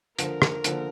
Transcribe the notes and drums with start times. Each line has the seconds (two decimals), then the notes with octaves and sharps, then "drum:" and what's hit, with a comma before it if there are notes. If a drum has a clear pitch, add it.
0.19 D3 F3 A#4, drum: hi-hat
0.42 drum: rim click
0.64 D3 F3, drum: hi-hat